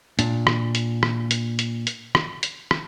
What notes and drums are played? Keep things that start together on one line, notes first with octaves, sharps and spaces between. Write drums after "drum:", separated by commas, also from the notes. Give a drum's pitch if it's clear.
A#2 D4, drum: hi-hat
drum: rim click
drum: hi-hat
drum: rim click
drum: hi-hat
drum: hi-hat
drum: hi-hat
drum: rim click
drum: hi-hat
drum: rim click